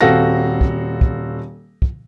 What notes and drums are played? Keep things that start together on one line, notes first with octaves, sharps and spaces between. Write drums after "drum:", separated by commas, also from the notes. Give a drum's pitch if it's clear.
D#1 C4 F#4 A4 F5 A#6
drum: kick
drum: kick
drum: kick